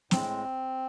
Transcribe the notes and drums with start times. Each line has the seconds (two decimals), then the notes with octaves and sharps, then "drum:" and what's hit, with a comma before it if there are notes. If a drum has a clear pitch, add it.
0.11 A2 G#3 C4, drum: snare